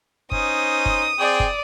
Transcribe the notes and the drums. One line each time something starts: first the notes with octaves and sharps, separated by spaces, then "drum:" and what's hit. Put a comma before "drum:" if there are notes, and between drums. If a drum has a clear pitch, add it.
C#4 D#4 C5 D#6, drum: kick F#1
drum: kick F#1
C4 G#4 D5 G5
drum: kick F#1